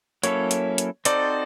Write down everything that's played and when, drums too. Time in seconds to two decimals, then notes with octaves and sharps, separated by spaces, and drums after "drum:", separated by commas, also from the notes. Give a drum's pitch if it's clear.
0.23 F#3 A#3 C#4 E4 A4 C#5, drum: hi-hat
0.51 drum: hi-hat
0.78 drum: hi-hat
1.05 C4 D#4 F#4 A4 C5 D5, drum: hi-hat